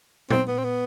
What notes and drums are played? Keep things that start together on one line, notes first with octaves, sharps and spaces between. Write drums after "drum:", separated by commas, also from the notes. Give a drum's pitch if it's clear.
C4, drum: tom A#2
B3
C4
B3